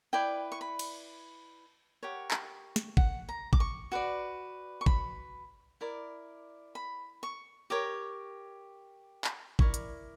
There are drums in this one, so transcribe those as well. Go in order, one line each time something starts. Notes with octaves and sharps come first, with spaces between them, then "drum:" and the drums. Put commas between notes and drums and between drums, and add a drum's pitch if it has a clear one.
E4 B4 D5 G5
C#6
B5
drum: cymbal
G4 A#4 C#5 F#5
drum: clap
drum: snare
F#5, drum: kick G#1
A#5
D6, drum: kick G#1
C#6
F#4 B4 D5
C#6
B5, drum: kick G#1
E4 A#4 D5
B5
C#6
G4 A#4 C#5 D6
drum: clap
E4 A#4 D5 C#6, drum: kick G#1
drum: hi-hat